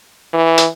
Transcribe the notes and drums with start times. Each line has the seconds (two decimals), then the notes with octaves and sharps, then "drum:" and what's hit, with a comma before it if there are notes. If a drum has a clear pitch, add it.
0.34 E3
0.58 drum: hi-hat